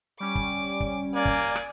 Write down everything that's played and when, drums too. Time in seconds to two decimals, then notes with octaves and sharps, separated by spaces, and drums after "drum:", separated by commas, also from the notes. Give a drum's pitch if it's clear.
0.20 G3 C#4 D6
0.35 drum: kick
0.80 drum: kick
1.15 A#3 D5 G#5
1.25 drum: kick
1.55 drum: rim click